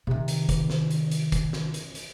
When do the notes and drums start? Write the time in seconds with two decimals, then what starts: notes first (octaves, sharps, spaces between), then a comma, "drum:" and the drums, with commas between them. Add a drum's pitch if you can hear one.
0.07 C3 D#3
0.28 drum: hi-hat
0.49 drum: kick, hi-hat
0.70 drum: snare
0.91 drum: hi-hat
1.11 drum: hi-hat
1.32 drum: kick, hi-hat
1.53 drum: snare
1.74 drum: hi-hat
1.95 drum: hi-hat